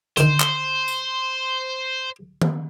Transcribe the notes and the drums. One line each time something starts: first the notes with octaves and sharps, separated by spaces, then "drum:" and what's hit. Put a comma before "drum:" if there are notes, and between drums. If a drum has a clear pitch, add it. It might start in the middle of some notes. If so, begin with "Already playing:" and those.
D3 D#3 C5, drum: hi-hat
drum: clap
drum: tambourine
drum: tom D#3